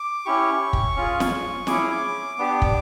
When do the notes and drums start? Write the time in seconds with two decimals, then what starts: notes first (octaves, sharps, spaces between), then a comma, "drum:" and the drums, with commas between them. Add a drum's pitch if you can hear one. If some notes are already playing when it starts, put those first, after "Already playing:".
Already playing: D6
0.25 C#4 E4 G4 C#6
0.73 drum: kick
0.96 C#4 F4 G#4
1.20 drum: snare
1.67 C#4 E4 G#4 D6, drum: snare
2.38 B3 D4 G4
2.62 drum: kick